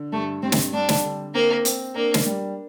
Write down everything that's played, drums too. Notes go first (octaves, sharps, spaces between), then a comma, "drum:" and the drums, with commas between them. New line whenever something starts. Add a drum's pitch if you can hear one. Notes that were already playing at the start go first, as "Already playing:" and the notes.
Already playing: D3
G2 A3
G2 C4
drum: snare
G3 D4
drum: snare
D3
A#3 C4
C4, drum: hi-hat
A#3 D4
drum: snare
G3